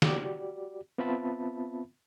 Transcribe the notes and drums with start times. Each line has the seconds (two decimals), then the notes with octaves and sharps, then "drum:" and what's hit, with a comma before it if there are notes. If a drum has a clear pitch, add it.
0.02 F#4 G4 D5, drum: snare
0.98 B3 C4 F4 E5 A5 B5